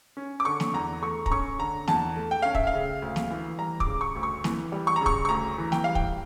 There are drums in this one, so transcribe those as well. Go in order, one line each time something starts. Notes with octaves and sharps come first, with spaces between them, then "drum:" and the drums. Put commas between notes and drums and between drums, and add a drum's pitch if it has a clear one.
C#4
D6
D3 C#6
drum: snare
E2 A#5
A3 C#6
A#5, drum: kick
C#4 C#6
D3 A#5
E2 A5, drum: snare
A3
G5
C#4 F5
E5, drum: kick
F5
C#3
D2
drum: snare
E3
G3 A#5
D6, drum: kick
C#3
C#6
D2
C#6
E3, drum: snare
G3
C#6
C#3 A#5
C#6, drum: kick
C#6
D2 A#5
E3
G5, drum: snare
G3 F5
G5, drum: kick